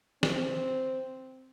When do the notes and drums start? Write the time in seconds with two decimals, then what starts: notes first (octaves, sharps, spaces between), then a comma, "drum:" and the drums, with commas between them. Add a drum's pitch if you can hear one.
0.23 C4, drum: snare